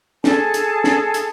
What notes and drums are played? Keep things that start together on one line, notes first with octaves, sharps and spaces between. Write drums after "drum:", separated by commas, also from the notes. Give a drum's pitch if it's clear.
G#4 A4 G#5 A5, drum: snare
drum: hi-hat
drum: snare
drum: hi-hat